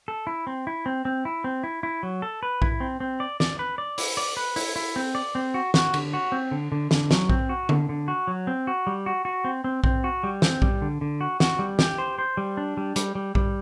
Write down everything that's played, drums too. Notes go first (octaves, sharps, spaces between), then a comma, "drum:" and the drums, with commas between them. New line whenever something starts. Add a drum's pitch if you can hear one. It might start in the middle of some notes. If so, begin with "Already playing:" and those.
A4
E4
C4
E4
C4
C4
E4
C4
E4
E4
F#3
A4
B4
E4, drum: kick A#1
C4
C4
D5
D5, drum: snare
B4
D5
E4, drum: open hi-hat
D5
B4
E4, drum: open hi-hat
E4
C4
D5
C4
F#4
F#4, drum: snare
D3, drum: cymbal
F#4
C4
D3
D3
D3, drum: snare
F#3, drum: snare
C4, drum: kick A#1
F#4
D3, drum: tom D3
D3
F#4
F#3
C4
F#4
G3
F#4
F#4
C4
C4
C4, drum: kick A#1
F#4
G3
C4, drum: snare
G3, drum: kick A#1
D3
D3
F#4
F#4, drum: snare
G3
G4, drum: snare
C5
C5
G3
D4
G3
G3, drum: hi-hat
G3
G3, drum: kick A#1